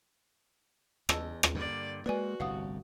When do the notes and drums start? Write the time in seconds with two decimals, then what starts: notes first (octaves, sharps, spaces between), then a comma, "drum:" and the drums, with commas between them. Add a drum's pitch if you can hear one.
1.09 E2 D#5 A5 E6, drum: rim click
1.43 drum: rim click
1.55 G2 D3 A#3 D5
2.06 G#3 A#3 F#4 B4 D5 G#5
2.40 G1 C2 A2 F5 F#5 D#6